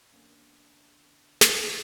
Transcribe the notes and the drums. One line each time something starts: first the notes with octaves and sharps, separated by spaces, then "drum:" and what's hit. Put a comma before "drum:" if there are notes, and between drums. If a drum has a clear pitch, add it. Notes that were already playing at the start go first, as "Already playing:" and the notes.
D3 A#3 B3 C#4 D4
drum: snare